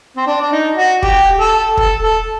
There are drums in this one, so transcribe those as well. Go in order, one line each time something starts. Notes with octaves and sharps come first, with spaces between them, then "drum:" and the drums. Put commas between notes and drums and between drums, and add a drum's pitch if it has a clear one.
C4
D4
D4
D#4
F#4
G4, drum: kick
A4
A4, drum: kick
A4